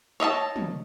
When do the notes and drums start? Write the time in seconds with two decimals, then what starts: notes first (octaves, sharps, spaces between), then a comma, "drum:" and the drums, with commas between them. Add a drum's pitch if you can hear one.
0.20 C#5 D#5 E5 A5
0.56 drum: tom